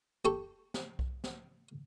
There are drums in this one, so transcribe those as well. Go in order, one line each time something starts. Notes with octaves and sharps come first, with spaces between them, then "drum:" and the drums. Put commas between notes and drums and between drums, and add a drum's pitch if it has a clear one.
G4 A4 C#6
drum: snare
drum: kick B1
drum: snare